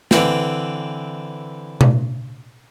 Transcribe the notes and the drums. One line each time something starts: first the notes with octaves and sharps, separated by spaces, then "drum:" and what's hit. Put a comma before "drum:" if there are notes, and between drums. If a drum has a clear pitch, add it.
D3 E3 C4, drum: snare
drum: tom B2